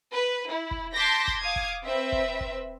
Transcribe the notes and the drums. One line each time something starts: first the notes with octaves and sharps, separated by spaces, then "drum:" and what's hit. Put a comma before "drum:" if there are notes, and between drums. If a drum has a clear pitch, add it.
B4
E4
drum: kick
A5 C6 D6 G6 A#6 B6
drum: kick
F5 D6 D#6 G#6
drum: kick
C4 B4 E5
drum: kick
drum: kick